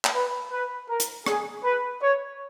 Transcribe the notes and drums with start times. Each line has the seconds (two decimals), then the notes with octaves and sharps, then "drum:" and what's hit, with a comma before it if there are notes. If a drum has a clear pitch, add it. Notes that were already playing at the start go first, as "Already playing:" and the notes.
0.05 drum: clap
0.14 B4
0.51 B4
0.89 A#4
1.00 drum: hi-hat
1.26 G#4, drum: rim click
1.64 B4
2.01 C#5